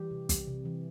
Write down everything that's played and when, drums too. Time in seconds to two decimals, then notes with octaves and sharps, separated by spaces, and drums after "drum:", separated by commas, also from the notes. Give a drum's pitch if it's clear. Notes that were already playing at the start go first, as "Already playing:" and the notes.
Already playing: E3 G3 G4
0.11 C3
0.29 G3, drum: kick, hi-hat
0.47 C3
0.65 E3